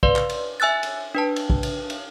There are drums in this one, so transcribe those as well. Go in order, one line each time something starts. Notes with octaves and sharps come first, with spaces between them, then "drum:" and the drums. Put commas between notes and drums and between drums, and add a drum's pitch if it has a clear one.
B4 D5 F5 C6, drum: kick A#1
drum: clap
drum: cymbal
E5 G#5 E6 F#6 A6
drum: cymbal
D4 B4 A5
drum: cymbal
drum: kick A#1
drum: cymbal
drum: cymbal